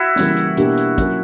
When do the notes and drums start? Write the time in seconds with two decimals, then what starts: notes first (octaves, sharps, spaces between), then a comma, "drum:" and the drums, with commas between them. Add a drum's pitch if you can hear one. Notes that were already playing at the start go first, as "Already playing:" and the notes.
Already playing: E4 F#4
0.16 C#3 E3 G3 A#3, drum: snare
0.37 drum: hi-hat
0.57 B2 A#3 D4 G4, drum: hi-hat
0.77 drum: hi-hat
0.98 F#3 A#3 C#4, drum: kick, hi-hat